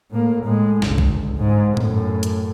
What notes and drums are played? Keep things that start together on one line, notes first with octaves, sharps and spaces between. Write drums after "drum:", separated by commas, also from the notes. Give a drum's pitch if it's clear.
A2 A#3
A2 G#3
G1 C#2, drum: snare
drum: kick
G#2
F#2 A2, drum: tom A2
drum: hi-hat